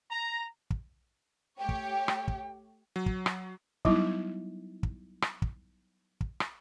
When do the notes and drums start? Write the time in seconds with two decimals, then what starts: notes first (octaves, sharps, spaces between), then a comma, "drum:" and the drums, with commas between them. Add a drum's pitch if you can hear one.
0.11 A#5
0.70 drum: kick
1.58 A3 G4 C#5 G5
1.69 drum: kick
2.08 drum: rim click
2.28 drum: kick
2.96 F#3
3.06 drum: kick
3.26 drum: rim click
3.85 F#3 G3 B3 D#4 E4, drum: kick
4.83 drum: kick
5.22 drum: rim click
5.42 drum: kick
6.21 drum: kick
6.40 drum: rim click